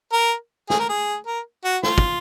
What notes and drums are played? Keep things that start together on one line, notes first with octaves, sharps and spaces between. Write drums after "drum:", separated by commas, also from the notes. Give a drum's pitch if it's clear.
A#4
G#4, drum: snare
A#4
G#4
A#4
F#4
F4, drum: snare
drum: kick